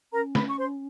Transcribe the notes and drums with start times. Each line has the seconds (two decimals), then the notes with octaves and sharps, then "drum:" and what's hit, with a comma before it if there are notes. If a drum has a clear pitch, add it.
0.13 C#4 A#4 A#5
0.35 B4 B5, drum: snare A3
0.49 C#6
0.58 C5 C6